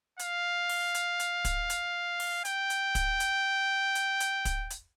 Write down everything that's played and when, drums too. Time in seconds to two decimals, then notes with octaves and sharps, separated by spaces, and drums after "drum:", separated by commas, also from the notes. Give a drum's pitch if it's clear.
0.19 F5, drum: hi-hat
0.69 drum: open hi-hat
0.94 drum: hi-hat
1.20 drum: hi-hat
1.45 drum: kick, hi-hat
1.70 drum: hi-hat
2.20 drum: open hi-hat
2.45 G5, drum: hi-hat
2.70 drum: hi-hat
2.95 drum: kick, hi-hat
3.20 drum: hi-hat
3.95 drum: hi-hat
4.20 drum: hi-hat
4.45 drum: kick, hi-hat
4.70 drum: hi-hat